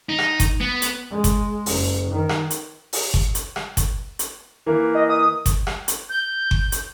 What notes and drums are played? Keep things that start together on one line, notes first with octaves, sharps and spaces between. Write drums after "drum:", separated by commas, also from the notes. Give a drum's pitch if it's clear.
D#4
drum: rim click
drum: kick G1, hi-hat
B3
drum: hi-hat
G#3
drum: kick G1, hi-hat
F#1, drum: open hi-hat
D#3
drum: rim click
drum: hi-hat
drum: open hi-hat
drum: kick G1
drum: hi-hat
drum: rim click
drum: kick G1, hi-hat
drum: hi-hat
E3 A#3 A#4
D#5
D#6
drum: kick G1, hi-hat
drum: rim click
drum: hi-hat
G6
drum: kick G1
drum: hi-hat